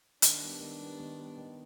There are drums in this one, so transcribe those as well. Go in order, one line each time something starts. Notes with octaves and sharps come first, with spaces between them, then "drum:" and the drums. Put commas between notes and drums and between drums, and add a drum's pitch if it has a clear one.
D#3 D4, drum: hi-hat
G3 B3
D#3
G3 B3
D#3
G3 B3
D#3